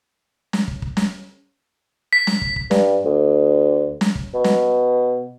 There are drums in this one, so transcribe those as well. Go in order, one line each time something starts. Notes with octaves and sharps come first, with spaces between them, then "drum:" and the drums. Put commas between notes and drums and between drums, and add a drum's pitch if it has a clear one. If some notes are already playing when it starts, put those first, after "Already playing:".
drum: snare
drum: kick
drum: kick
drum: snare
B6
drum: snare
drum: kick
drum: kick
G2, drum: snare
D2
drum: snare
drum: kick
B2
drum: snare